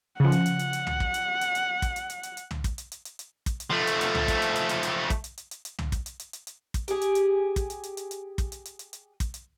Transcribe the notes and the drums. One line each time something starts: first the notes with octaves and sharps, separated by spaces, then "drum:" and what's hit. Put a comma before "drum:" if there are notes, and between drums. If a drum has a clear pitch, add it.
C#3 F3 F#5
drum: hi-hat
drum: hi-hat
drum: hi-hat
drum: hi-hat
drum: tom
drum: kick
drum: hi-hat
drum: hi-hat
drum: hi-hat
drum: kick, hi-hat
drum: hi-hat
drum: hi-hat
drum: hi-hat
drum: hi-hat
drum: tom
drum: kick, hi-hat
drum: hi-hat
drum: hi-hat
drum: hi-hat
drum: hi-hat
drum: kick, hi-hat
drum: hi-hat
F3 A3
drum: hi-hat
drum: hi-hat
drum: tom
drum: kick, hi-hat
drum: hi-hat
drum: hi-hat
drum: hi-hat
drum: hi-hat
drum: kick, hi-hat
drum: hi-hat
drum: hi-hat
drum: hi-hat
drum: hi-hat
drum: tom
drum: kick, hi-hat
drum: hi-hat
drum: hi-hat
drum: hi-hat
drum: hi-hat
drum: kick, hi-hat
G4 G#4, drum: hi-hat
drum: hi-hat
drum: hi-hat
drum: kick, hi-hat
drum: hi-hat
drum: hi-hat
drum: hi-hat
drum: hi-hat
drum: kick, hi-hat
drum: hi-hat
drum: hi-hat
drum: hi-hat
drum: hi-hat
drum: kick, hi-hat
drum: hi-hat